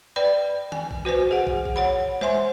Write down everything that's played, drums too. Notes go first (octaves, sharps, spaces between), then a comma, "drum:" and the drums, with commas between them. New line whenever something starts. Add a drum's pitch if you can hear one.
B4 D5 G5 B5
G#5, drum: tom
drum: kick
F#4 B4 C5 G#5
G#4 F#5
drum: kick
drum: kick
C#5 F#5 B5
C5 E5 G#5 C6, drum: tom